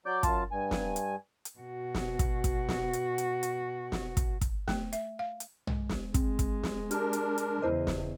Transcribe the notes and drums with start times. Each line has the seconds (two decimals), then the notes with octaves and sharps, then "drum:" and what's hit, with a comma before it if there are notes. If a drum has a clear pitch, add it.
0.06 F#3 D5 D6 G6
0.23 F#2 F4 A5, drum: kick, hi-hat
0.52 G2 G#5
0.71 drum: snare
0.96 drum: hi-hat
1.45 drum: hi-hat
1.59 B2 F#4
1.95 drum: snare
2.19 drum: kick, hi-hat
2.44 drum: kick, hi-hat
2.69 drum: snare
2.93 drum: hi-hat
3.18 drum: hi-hat
3.43 drum: hi-hat
3.92 drum: snare
4.17 drum: kick, hi-hat
4.41 drum: kick, hi-hat
4.68 A3, drum: snare
4.93 E5, drum: hi-hat
5.19 F5
5.40 drum: hi-hat
5.67 G#3, drum: tom B1
5.89 drum: snare
6.14 G#3 C4, drum: kick, hi-hat
6.39 drum: kick, hi-hat
6.64 drum: snare
6.91 D4 G4 A#4 F6, drum: hi-hat
7.13 drum: hi-hat
7.38 drum: hi-hat
7.62 E2 C#3 E4 C5 D#5
7.87 drum: snare